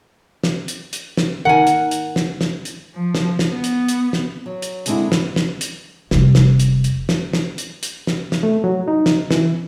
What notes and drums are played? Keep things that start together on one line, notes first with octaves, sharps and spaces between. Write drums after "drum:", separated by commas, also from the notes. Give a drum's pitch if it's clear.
drum: snare
drum: hi-hat
drum: hi-hat
drum: snare
D#3 A#4 F#5 G#5
drum: hi-hat
drum: hi-hat
drum: snare
drum: snare
drum: hi-hat
F3
drum: snare
drum: snare
B3
drum: hi-hat
drum: hi-hat
drum: snare
F#3
drum: hi-hat
G#2 D3 G#3 C4 D4 E4, drum: hi-hat
drum: snare
drum: snare
drum: hi-hat
F1 G3, drum: snare
drum: snare
drum: hi-hat
drum: hi-hat
drum: snare
drum: snare
drum: hi-hat
drum: hi-hat
drum: snare
drum: snare
A3
F#3
D#4
drum: snare
E3, drum: snare